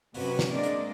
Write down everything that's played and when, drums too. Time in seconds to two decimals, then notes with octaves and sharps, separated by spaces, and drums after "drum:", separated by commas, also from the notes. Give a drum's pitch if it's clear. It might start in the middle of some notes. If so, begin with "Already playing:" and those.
0.14 F#2 C3 C#4 F#4 B4, drum: open hi-hat
0.39 drum: snare
0.51 G#3 A#3 C4 D4 D5 D#5
0.63 drum: hi-hat